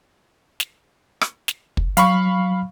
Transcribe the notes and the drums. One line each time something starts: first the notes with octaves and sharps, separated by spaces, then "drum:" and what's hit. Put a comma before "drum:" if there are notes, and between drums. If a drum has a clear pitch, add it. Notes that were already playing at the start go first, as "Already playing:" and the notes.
drum: snare
drum: rim click
drum: snare
drum: kick
F#3 F5 B5 C#6, drum: hi-hat